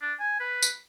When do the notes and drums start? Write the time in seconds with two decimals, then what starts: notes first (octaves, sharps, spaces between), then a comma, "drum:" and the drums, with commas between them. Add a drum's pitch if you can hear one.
0.02 D4
0.20 G#5
0.40 B4
0.62 drum: tambourine